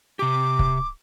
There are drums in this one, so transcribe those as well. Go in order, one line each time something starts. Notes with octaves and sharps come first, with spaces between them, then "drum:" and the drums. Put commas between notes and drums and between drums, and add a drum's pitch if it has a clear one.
C3 G4 D6
drum: kick